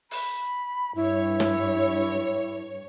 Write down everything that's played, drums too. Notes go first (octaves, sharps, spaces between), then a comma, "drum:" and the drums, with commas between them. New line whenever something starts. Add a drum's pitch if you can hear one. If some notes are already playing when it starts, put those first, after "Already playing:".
B5, drum: open hi-hat
G2 E4 C#5
drum: snare